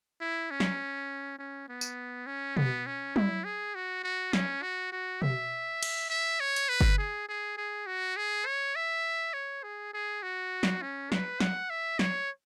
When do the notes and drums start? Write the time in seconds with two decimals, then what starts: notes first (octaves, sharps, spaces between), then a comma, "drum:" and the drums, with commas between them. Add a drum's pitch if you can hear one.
0.21 E4
0.51 C#4
0.60 drum: snare
1.39 C#4
1.69 B3
1.81 drum: tambourine
2.27 C#4
2.57 B3, drum: tom B2
2.86 C#4
3.16 E4, drum: tom F#3
3.45 G#4
3.75 F#4
4.04 F#4
4.33 C#4, drum: snare
4.62 F#4
4.92 F#4
5.22 E5, drum: tom B2
5.83 drum: cymbal
6.10 E5
6.40 C#5
6.56 drum: hi-hat
6.69 B4
6.81 drum: kick G1
6.98 G#4
7.29 G#4
7.57 G#4
7.86 F#4
8.17 G#4
8.46 C#5
8.76 E5
9.34 C#5
9.63 G#4
9.94 G#4
10.23 F#4
10.63 drum: snare
10.82 C#4
11.12 B4, drum: snare
11.40 F#5, drum: snare
11.70 E5
11.99 C#5, drum: snare